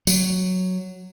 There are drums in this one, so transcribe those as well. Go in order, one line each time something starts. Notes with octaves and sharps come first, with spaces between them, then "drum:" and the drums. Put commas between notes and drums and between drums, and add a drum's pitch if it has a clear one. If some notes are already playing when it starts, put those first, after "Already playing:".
F#3, drum: tambourine